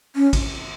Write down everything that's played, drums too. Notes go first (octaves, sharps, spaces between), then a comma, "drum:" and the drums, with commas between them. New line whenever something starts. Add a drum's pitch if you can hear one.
C#4
drum: kick, cymbal